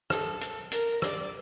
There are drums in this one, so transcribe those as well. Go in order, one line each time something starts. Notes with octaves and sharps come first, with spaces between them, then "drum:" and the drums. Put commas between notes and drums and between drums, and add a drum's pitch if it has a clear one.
A4, drum: rim click
drum: hi-hat
A#4, drum: hi-hat
D5, drum: rim click